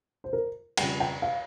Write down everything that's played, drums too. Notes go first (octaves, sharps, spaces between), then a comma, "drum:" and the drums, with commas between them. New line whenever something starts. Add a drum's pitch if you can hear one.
C5
A#4
F2 C#3 G3 G5, drum: cymbal
G5
F5